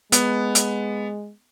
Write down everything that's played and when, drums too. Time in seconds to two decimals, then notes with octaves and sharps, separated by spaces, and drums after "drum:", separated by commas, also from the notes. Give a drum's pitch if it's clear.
0.12 G#3 B3, drum: hi-hat
0.55 drum: hi-hat